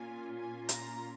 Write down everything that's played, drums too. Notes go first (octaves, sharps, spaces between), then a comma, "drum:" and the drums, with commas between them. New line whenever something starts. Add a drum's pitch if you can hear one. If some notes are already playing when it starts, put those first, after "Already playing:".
Already playing: A#2 A#3 C#4 F4 G#5
G#5
A#5, drum: hi-hat